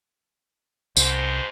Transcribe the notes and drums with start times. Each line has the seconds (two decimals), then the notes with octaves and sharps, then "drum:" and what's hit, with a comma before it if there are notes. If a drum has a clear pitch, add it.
0.97 C2 G#2 B2 C5, drum: tambourine